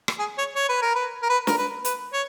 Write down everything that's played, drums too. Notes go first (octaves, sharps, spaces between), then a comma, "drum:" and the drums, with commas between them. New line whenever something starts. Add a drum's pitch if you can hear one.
drum: rim click
G#4
C#5
C#5
B4
A#4
B4
A#4
B4
A#4, drum: snare
B4
B4, drum: hi-hat
C#5